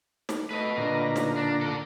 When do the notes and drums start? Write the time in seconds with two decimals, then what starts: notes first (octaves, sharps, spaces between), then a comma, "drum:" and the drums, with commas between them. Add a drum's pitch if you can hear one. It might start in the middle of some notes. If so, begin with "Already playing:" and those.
0.29 drum: snare
0.51 A3 B4 D#5
0.78 A#2 D3 A#5
1.16 drum: snare
1.37 D4
1.61 A4 D5